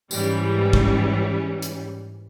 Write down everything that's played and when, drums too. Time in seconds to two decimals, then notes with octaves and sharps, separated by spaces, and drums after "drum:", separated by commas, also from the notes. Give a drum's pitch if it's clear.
0.11 G#2 E3 G3 C#4, drum: tambourine
0.73 drum: kick
1.62 drum: hi-hat